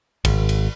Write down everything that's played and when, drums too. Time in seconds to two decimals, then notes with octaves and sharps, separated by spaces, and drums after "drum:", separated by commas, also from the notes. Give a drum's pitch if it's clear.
0.25 G#1, drum: kick, cymbal
0.49 drum: cymbal